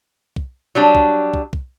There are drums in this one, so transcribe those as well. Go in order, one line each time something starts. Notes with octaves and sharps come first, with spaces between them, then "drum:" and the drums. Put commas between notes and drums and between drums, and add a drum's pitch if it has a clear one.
drum: kick
F#3 G3 D4
drum: kick
drum: kick
drum: kick